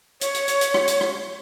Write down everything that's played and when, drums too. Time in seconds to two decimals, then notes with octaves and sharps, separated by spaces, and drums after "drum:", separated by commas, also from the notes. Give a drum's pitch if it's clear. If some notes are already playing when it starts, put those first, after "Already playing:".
0.21 C#5, drum: hi-hat
0.34 drum: hi-hat
0.48 drum: hi-hat
0.61 drum: hi-hat
0.74 drum: rim click
0.88 drum: hi-hat
1.01 drum: rim click